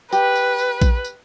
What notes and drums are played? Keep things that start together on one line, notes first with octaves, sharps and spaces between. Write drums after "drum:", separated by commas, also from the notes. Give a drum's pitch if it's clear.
G4 B4, drum: tambourine
drum: tambourine
drum: tambourine
drum: kick A#1, tambourine
drum: tambourine